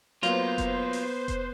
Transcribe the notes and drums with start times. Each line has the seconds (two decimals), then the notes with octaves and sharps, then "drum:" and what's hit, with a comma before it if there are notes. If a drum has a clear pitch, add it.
0.23 F#3 A#3 B3 F4 B4 C5, drum: hi-hat
0.58 drum: kick F1, hi-hat
0.93 drum: open hi-hat
1.28 drum: kick F1, hi-hat